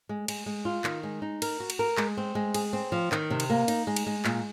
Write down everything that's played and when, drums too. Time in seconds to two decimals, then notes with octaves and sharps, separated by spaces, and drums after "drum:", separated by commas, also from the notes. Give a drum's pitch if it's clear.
0.09 G#3
0.28 G#3, drum: cymbal
0.46 G#3
0.65 F4
0.84 D#3, drum: clap
1.03 G#3
1.22 D#4
1.42 A#4, drum: cymbal
1.60 F#4
1.70 drum: cymbal
1.79 A#4
1.97 G#3, drum: clap
2.17 C4
2.35 G#3
2.54 G#4, drum: cymbal
2.73 C4
2.92 F3
3.12 D#3, drum: clap
3.30 C3
3.40 drum: cymbal
3.50 A#3
3.68 D#4, drum: cymbal
3.87 G#3
3.96 drum: cymbal
4.07 G#3
4.25 A#2, drum: clap